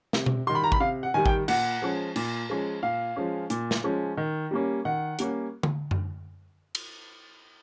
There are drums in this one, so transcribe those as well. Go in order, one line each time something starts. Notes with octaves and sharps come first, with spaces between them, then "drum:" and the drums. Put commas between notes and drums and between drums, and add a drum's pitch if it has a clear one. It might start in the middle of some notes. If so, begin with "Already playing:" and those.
C3, drum: snare
drum: tom B2
D#3 G3 C6
B5
A#5
B5, drum: kick G#1
C3 F5
F#5
D#3 G3 G#5
G5, drum: kick G#1
A#2 F#5, drum: cymbal
F3 G#3 C#4
A#2, drum: cymbal
F3 G#3 C#4
A#2 F5
F3 G#3 C#4
A#2, drum: hi-hat
drum: snare
F3 G#3 C#4
D#3
G3 A#3 C#4
D#3 F#5
G3 A#3 C#4, drum: hi-hat
drum: tom D3
drum: tom F#2
drum: cymbal